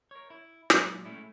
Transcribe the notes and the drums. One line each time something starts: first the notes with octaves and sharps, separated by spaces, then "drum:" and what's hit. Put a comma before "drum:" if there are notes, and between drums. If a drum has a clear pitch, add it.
A#4 C#5
E4
A#2 F#3 G#3 E4 D5, drum: snare
G#3 A3 C#4 E4